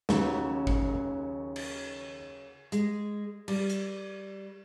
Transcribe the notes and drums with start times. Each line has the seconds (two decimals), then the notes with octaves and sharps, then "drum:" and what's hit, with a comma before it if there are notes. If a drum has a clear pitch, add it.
0.09 D#2 C#3 F#3, drum: snare
0.67 drum: kick G#1
1.56 drum: cymbal
2.72 G#3, drum: hi-hat
3.48 G3, drum: cymbal
3.70 drum: hi-hat